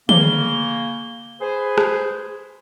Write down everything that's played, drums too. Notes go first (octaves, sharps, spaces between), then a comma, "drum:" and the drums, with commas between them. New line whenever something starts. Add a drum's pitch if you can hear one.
C#3 A#3 G7, drum: tom
G#4 B4 C5
drum: rim click